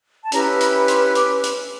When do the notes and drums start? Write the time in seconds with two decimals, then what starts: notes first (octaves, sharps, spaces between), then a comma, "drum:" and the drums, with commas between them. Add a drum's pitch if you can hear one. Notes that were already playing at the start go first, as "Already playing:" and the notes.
0.23 A5
0.32 C#4 E4 G4 B4 A#5, drum: hi-hat
0.61 B5, drum: hi-hat
0.88 C6, drum: hi-hat
1.15 D6, drum: hi-hat
1.44 drum: hi-hat